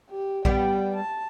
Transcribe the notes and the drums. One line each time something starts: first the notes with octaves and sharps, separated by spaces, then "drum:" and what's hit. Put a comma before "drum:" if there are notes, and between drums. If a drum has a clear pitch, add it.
G4
G3 B3 G5, drum: kick A#1
A5